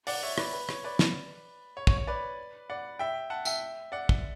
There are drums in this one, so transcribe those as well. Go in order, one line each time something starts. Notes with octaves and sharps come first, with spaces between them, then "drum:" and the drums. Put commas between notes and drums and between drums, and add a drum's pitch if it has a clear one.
D5 F#5, drum: open hi-hat
C#5 E5
B4 D5, drum: rim click
B4
C#5, drum: rim click
B4 D5
drum: snare
C#5
C#5, drum: kick
C#5
B4 D5
D5 F#5
E5 G5
F#5 A5
E5 G5, drum: tambourine
D5 F#5
drum: kick